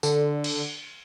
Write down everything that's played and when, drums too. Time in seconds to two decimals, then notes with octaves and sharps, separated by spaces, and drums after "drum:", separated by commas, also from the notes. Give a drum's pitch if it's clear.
0.03 D3, drum: tambourine
0.44 drum: cymbal